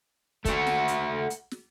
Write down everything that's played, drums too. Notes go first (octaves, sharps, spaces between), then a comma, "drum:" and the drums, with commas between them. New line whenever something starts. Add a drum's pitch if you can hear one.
A3 F#4, drum: kick, hi-hat
drum: snare
drum: hi-hat
drum: hi-hat
drum: snare